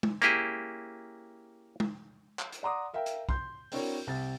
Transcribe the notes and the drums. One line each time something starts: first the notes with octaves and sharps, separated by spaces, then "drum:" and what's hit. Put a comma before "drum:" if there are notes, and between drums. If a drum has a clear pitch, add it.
drum: tom G#3
A#3 C#4 E4 G4 G#4, drum: hi-hat
drum: tom G#3
drum: clap
drum: hi-hat
D5 F#5 A#5 C6 D6 D#6
A#4 E5 F5 G5
drum: hi-hat
C6 G6, drum: kick
C4 D4 E4 F#4 A#4 C#5, drum: open hi-hat
C2 C4 A6